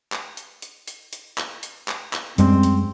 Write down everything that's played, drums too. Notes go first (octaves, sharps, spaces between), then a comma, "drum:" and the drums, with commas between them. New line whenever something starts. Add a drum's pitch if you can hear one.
drum: clap
drum: hi-hat
drum: hi-hat
drum: hi-hat
drum: hi-hat
drum: clap
drum: hi-hat
drum: clap
drum: clap
F#2 G3 G#3 C4, drum: hi-hat
drum: hi-hat